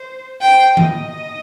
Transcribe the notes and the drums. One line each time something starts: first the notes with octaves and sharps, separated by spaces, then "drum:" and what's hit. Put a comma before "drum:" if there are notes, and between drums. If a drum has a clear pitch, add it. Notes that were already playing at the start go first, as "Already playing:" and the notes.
Already playing: C5
C5 G5
D#5, drum: tom D#3